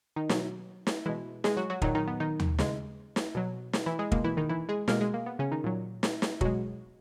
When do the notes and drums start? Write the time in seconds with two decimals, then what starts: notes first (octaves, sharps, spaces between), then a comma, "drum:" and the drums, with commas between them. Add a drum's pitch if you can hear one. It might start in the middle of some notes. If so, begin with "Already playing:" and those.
0.16 D#3 D#4
0.29 B2 F#3, drum: snare
0.87 drum: snare
1.06 B2 E3 G#3 E4
1.44 G#3 G#4, drum: snare
1.57 F#3 F#4
1.70 F#3 F#4
1.82 A#2 D#3 F#3 D#4, drum: kick
1.95 D#3 D#4
2.07 B3
2.20 D#3 D#4
2.40 drum: tom D#2
2.59 C#3 G#3, drum: snare
3.16 drum: snare
3.35 B2 F#3
3.73 drum: snare
3.86 E3 E4
3.99 G#3 G#4
4.12 B2 G#3 A#3, drum: kick
4.24 E3 E4
4.37 D#3 D#4
4.49 E3 E4
4.69 G#3 G#4
4.88 B2 G#3 A#3 A#4, drum: snare
5.01 G#3 G#4
5.14 A#3
5.26 B3
5.39 C#3 C#4
5.52 D#3 D#4
5.64 A#2 F#3
6.03 drum: snare
6.22 drum: snare
6.41 B2 F#3 G#3 F#4, drum: kick